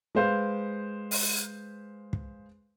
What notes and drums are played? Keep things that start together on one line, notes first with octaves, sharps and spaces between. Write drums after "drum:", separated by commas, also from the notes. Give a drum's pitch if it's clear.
G#3 B4 C5 F5
drum: open hi-hat
drum: kick